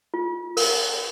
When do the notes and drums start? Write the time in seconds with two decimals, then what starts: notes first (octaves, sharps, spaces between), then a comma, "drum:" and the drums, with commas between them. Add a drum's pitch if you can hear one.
0.14 F4
0.57 A#4, drum: open hi-hat